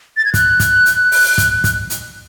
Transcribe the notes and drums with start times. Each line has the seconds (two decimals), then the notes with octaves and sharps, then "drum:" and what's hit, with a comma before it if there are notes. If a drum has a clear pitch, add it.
0.17 A6
0.25 G#6
0.34 F#6, drum: kick, hi-hat
0.60 drum: kick, hi-hat
0.86 drum: hi-hat
1.12 drum: open hi-hat
1.38 drum: kick, hi-hat
1.64 drum: kick, hi-hat
1.90 drum: hi-hat